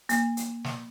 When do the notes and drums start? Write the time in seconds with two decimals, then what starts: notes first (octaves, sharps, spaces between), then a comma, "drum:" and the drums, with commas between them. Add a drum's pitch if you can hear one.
0.09 A#3, drum: hi-hat
0.37 drum: hi-hat
0.64 drum: snare